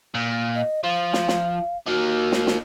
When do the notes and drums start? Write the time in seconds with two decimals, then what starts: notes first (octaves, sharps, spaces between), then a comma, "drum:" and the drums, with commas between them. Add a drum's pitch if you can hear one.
0.14 A#2
0.56 D#5
0.84 F3 F5
1.13 drum: snare
1.28 drum: snare
1.87 A#3 D#4 F#4
2.32 drum: snare
2.47 drum: snare